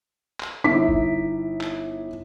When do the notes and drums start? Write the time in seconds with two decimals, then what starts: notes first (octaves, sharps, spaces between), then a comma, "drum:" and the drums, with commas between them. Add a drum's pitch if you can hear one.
0.40 drum: clap
0.64 G1 D#4 E4 E5 D6 B6
0.88 drum: kick
1.61 drum: clap